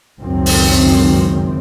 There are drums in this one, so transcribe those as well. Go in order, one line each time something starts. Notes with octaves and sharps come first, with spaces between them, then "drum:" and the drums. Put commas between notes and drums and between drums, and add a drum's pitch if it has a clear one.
G#1 C#2 F#2 D#3 C4
drum: open hi-hat